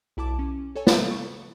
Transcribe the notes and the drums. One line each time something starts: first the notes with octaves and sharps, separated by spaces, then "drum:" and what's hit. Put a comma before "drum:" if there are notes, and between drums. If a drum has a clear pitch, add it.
B1 E4 A5 D6
C#4
A4 C#5 G#5
E5, drum: snare
C#6